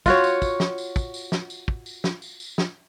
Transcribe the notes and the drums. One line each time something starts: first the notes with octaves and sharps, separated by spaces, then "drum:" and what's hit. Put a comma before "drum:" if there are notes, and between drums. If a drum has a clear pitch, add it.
F4 F#4 C#5, drum: kick, tambourine
drum: tambourine
drum: kick, tambourine
drum: snare
drum: tambourine
drum: kick, tambourine
drum: tambourine
drum: snare
drum: tambourine
drum: kick
drum: tambourine
drum: snare
drum: tambourine
drum: tambourine
drum: snare